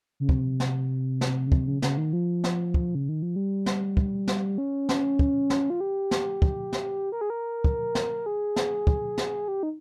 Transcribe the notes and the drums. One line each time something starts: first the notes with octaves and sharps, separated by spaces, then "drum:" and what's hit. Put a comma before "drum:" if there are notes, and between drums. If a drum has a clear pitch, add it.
C#3
C3, drum: kick
drum: snare
drum: snare
C#3
C3, drum: kick
C#3
C#3, drum: snare
D#3
F3
drum: snare
drum: kick
C#3
D#3
F3
G3
drum: snare
drum: kick
drum: snare
C#4
drum: snare
drum: kick
drum: snare
F4
G4
drum: snare
drum: kick
drum: snare
A#4
G#4
A#4
drum: kick
drum: snare
G#4
drum: snare
drum: kick
drum: snare
G4
D#4